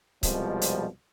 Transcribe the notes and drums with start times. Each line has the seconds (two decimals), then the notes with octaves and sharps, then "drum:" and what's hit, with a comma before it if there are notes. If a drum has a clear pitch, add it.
0.23 C2 F2 B2 F3 G3 G#3, drum: kick C#1, hi-hat
0.61 drum: hi-hat